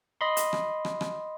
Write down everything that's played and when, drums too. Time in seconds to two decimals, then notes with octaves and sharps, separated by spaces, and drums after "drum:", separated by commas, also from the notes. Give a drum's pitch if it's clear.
0.21 D#5 B5 C6
0.37 drum: hi-hat
0.53 drum: rim click
0.85 drum: rim click
1.01 drum: rim click